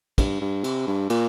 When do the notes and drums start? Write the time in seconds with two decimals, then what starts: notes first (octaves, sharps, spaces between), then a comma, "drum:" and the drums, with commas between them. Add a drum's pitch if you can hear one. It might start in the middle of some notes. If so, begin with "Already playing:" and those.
0.18 G2, drum: kick, cymbal
0.41 G2
0.64 C3, drum: cymbal
0.87 G2
1.10 A#2, drum: cymbal